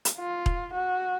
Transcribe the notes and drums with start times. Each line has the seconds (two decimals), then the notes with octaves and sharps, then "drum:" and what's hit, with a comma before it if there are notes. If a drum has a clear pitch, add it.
0.05 drum: hi-hat
0.18 F4
0.46 drum: kick E1
0.73 F#4